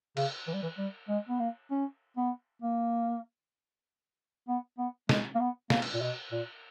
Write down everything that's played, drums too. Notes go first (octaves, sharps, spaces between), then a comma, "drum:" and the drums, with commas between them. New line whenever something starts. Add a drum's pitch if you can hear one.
C#3, drum: cymbal
E3
G3
E3
G3
G#3
B3
A#3
C#4
B3
A#3
B3
B3
G#3, drum: snare
A#3
B3
A#3, drum: snare
drum: cymbal
A#2
B2
A#2